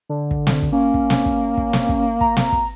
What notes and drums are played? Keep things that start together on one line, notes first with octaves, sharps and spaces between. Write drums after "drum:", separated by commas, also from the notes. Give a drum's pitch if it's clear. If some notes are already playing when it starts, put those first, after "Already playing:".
D3
drum: kick
drum: snare
drum: kick
A#3 C#4
drum: kick
drum: snare
drum: kick
drum: kick
drum: snare
drum: kick
A#5, drum: kick
drum: snare
drum: kick